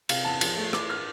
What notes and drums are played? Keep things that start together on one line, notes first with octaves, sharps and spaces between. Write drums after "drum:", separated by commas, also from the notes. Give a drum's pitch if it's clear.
C3 F5, drum: cymbal
E2 A5
F3, drum: cymbal
A3
E3 D6, drum: rim click
F6